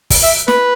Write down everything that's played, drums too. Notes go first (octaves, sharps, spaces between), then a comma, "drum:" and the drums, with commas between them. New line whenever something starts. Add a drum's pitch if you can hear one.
drum: kick, open hi-hat
E5
B4, drum: snare